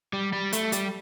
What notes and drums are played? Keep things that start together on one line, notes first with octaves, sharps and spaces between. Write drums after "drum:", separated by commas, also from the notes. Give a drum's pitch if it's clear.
G3
G3
A3, drum: hi-hat
G3, drum: hi-hat